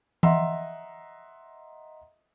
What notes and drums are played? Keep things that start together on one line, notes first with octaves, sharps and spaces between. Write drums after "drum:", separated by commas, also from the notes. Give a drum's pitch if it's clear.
D#5 E5 F#5 A#5 C6, drum: tom E3